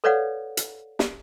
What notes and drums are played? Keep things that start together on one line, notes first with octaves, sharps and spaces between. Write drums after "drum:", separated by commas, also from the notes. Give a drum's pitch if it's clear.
A4 B4 C#5 D5 F5 F#5
drum: hi-hat
drum: snare